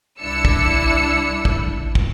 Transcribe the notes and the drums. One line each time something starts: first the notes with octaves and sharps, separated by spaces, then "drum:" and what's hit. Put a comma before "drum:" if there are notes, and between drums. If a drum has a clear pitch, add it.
C2 D4 E4 E6 C#7
drum: kick
drum: kick
drum: kick